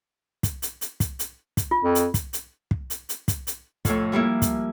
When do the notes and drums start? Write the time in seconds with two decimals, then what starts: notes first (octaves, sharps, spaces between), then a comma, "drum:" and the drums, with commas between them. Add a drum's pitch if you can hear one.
0.43 drum: kick, hi-hat
0.62 drum: hi-hat
0.81 drum: hi-hat
1.00 drum: kick, hi-hat
1.19 drum: hi-hat
1.57 drum: kick, hi-hat
1.71 F4
1.84 F2
1.95 drum: hi-hat
2.14 drum: kick, hi-hat
2.33 drum: hi-hat
2.71 drum: kick
2.90 drum: hi-hat
3.09 drum: hi-hat
3.28 drum: kick, hi-hat
3.47 drum: hi-hat
3.85 F2 A2, drum: kick, hi-hat
4.12 F3 G3 A#3 E4
4.42 drum: kick, hi-hat